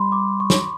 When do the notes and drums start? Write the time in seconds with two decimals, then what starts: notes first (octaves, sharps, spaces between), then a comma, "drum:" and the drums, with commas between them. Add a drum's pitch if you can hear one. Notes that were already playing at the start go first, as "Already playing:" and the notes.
Already playing: G3 B5 C6
0.12 D6
0.40 C#6
0.50 drum: snare